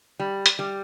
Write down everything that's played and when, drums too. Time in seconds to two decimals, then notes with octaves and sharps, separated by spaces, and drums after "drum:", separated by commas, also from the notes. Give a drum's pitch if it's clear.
0.20 G3
0.46 drum: hi-hat
0.59 G3